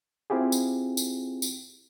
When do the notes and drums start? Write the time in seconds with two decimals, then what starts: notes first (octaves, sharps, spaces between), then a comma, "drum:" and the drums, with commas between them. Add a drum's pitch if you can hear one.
0.30 C4 E4 F4 G4 G#4
0.52 drum: tambourine
0.97 drum: tambourine
1.42 drum: tambourine